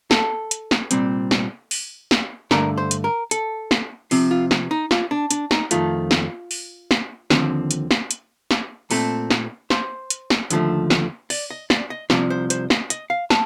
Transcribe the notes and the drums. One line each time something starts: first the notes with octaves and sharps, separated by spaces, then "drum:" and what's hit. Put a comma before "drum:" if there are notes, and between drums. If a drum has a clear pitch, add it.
A4, drum: snare
drum: hi-hat
drum: snare
C2 A#2 G3 C4, drum: hi-hat
drum: snare
drum: open hi-hat
drum: snare
G2 D3 A3 A#4, drum: snare
C5
drum: hi-hat
A#4
A4, drum: hi-hat
drum: snare
C3 F3 C4, drum: open hi-hat
F4
drum: snare
D#4
F4, drum: snare
D4
D4, drum: hi-hat
D#4, drum: snare
F2 D#3 A3 F4, drum: hi-hat
drum: snare
drum: open hi-hat
drum: snare
D#2 D3 F3 C4, drum: snare
drum: hi-hat
drum: snare
drum: hi-hat
drum: snare
A#2 A3 C4 A4, drum: open hi-hat
drum: snare
C5, drum: snare
drum: hi-hat
drum: snare
D#2 D3 F3 A3, drum: hi-hat
drum: snare
D5, drum: open hi-hat
D#5
D5, drum: snare
D#5
C2 C3 F3 D5, drum: snare
C5
C5, drum: hi-hat
D#5, drum: snare
D#5, drum: hi-hat
F5
A5, drum: snare